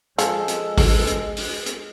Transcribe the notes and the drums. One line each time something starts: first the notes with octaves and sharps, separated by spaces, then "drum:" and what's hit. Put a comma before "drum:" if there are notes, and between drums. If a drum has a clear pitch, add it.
F3 G#3 G#4 A4, drum: hi-hat
drum: hi-hat
drum: kick G#1, open hi-hat
drum: hi-hat
drum: open hi-hat
drum: hi-hat